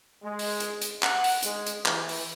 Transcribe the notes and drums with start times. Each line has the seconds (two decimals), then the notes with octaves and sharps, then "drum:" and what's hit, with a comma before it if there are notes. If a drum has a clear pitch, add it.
0.23 G#3
0.39 drum: open hi-hat
0.60 drum: hi-hat
0.82 drum: hi-hat
1.03 F#5, drum: clap
1.24 drum: open hi-hat
1.43 G#3, drum: hi-hat
1.66 drum: hi-hat
1.86 E3, drum: clap
2.09 drum: open hi-hat